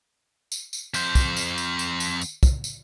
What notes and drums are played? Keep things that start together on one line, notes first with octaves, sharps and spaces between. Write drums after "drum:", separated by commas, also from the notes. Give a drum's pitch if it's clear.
drum: tambourine
drum: tambourine
F2 C5, drum: tambourine
drum: kick, tambourine
drum: tambourine
drum: tambourine
drum: tambourine
drum: tambourine
drum: tambourine
drum: kick, tambourine
drum: tambourine